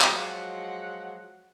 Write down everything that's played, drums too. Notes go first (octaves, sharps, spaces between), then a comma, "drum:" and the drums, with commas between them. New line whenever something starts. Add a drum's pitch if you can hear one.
F3 F#3 G#3 F#5, drum: clap